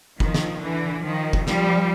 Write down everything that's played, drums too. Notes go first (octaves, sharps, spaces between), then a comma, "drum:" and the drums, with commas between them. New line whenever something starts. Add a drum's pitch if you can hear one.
D#3 F3, drum: kick F1
drum: snare
D3 E3
D#3 F3
drum: kick F1
F3 G3, drum: snare